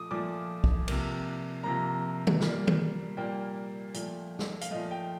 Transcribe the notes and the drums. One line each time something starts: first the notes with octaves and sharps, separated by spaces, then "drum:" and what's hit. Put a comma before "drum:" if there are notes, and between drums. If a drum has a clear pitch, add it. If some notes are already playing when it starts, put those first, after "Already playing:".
Already playing: A#2 F3 A3 D6 D#6
A#2 F3 A3 D6
drum: kick
C3 F3 A#3, drum: cymbal
C3 F3 A#3 A#5
drum: tom D#3
A#2 G3 A#3, drum: snare
drum: tom D#3
A#2 G3 A#3 G5
A#2 F3 A3, drum: hi-hat
drum: snare
F5, drum: hi-hat
A#2 F3 A3 D#5
G5